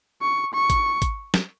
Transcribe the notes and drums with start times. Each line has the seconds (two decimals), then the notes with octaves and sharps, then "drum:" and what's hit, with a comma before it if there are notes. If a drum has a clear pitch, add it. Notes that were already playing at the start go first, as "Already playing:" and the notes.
0.22 C#6
0.54 C#6
0.70 drum: kick G#1, hi-hat
1.02 drum: kick G#1, hi-hat
1.34 drum: snare